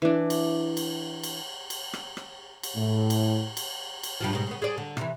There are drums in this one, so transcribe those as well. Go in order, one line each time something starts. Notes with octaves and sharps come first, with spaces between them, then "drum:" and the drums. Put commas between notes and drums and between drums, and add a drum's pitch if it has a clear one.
E3 D4
drum: cymbal
drum: cymbal
drum: cymbal
drum: cymbal
drum: rim click
drum: rim click
drum: cymbal
A2
drum: cymbal
drum: cymbal
drum: cymbal
G2 C3 F3
G#2 B2
C#3 B3
G#4 C5 D5
D3
C3 E3, drum: rim click